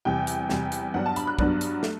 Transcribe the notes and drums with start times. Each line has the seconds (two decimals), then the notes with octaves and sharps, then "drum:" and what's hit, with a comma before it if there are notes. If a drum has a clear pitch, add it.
0.05 E2 C3 G3 G5
0.27 drum: hi-hat
0.49 E2 C3 G3, drum: snare
0.72 drum: hi-hat
0.94 G2 F#3 B3 D4 F#5
1.06 A5
1.16 B5, drum: hi-hat
1.27 F#6
1.39 G2 F#3 B3 D4, drum: kick
1.61 drum: hi-hat
1.83 A3, drum: snare